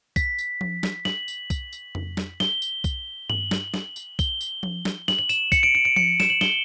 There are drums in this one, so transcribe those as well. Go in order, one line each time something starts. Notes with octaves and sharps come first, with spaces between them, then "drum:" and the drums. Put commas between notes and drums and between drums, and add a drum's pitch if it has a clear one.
B6, drum: kick B1, tambourine
drum: tambourine
drum: tom F3
drum: snare
F#7, drum: snare
drum: tambourine
drum: kick B1, tambourine
drum: tambourine
drum: tom F2
drum: snare
G7, drum: snare
drum: tambourine
drum: kick B1, tambourine
F#7, drum: tom G2
drum: snare
drum: snare
drum: tambourine
G7, drum: kick B1, tambourine
drum: tambourine
drum: tom F3
drum: snare
F#7, drum: snare
F#7
E7, drum: tambourine
C#7, drum: kick B1, tambourine
D7
D7
D7
C#7, drum: tom F3
E7, drum: snare
F#7
G7, drum: snare